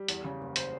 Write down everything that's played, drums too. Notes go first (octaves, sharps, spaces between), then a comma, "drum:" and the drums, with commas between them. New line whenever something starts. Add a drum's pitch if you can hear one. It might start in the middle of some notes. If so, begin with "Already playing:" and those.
Already playing: G3
E2, drum: hi-hat
C#3
F#1
C5, drum: hi-hat